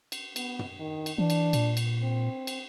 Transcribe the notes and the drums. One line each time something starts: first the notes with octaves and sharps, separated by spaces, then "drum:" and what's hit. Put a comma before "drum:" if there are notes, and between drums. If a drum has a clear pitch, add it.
drum: cymbal
B3, drum: cymbal
drum: tom
D#3
drum: cymbal
E3 D4
drum: cymbal
A#2, drum: cymbal
drum: cymbal
C4
drum: cymbal